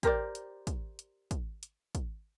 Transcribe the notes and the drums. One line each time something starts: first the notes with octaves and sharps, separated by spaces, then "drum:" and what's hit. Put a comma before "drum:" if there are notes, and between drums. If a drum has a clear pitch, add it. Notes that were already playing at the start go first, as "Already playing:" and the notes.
G4 A#4 C5 D5, drum: kick, hi-hat
drum: hi-hat
drum: kick, hi-hat
drum: hi-hat
drum: kick, hi-hat
drum: hi-hat
drum: kick, hi-hat